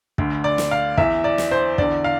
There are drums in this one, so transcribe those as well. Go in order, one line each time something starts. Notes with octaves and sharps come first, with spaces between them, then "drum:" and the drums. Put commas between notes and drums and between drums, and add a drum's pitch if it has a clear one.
D2 D3, drum: kick
D5
drum: snare
F5
E2 E3 E5, drum: kick
D5
drum: snare
C5
E2 D3 D5, drum: kick
F5